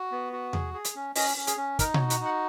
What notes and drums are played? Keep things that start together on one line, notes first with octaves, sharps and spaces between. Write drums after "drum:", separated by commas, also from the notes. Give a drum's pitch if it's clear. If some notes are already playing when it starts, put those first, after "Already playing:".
Already playing: F#4
B3
F#4
G#4, drum: tom E2
G#4
drum: hi-hat
C#4
C#4 D#5, drum: open hi-hat
C#4
G#4, drum: hi-hat
C#4
D#4 A#4, drum: kick, hi-hat
C#5, drum: tom B2
F#4
F#5, drum: hi-hat
D#4 F#5